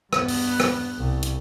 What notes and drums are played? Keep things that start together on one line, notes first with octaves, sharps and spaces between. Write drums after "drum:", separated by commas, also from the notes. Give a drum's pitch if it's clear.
G2 B3, drum: rim click
drum: open hi-hat
drum: rim click
C2
drum: hi-hat